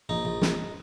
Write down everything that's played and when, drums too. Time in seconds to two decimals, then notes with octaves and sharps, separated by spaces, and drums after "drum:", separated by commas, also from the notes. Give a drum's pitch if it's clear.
0.09 A#1 D#4
0.25 A#1
0.42 A#1, drum: snare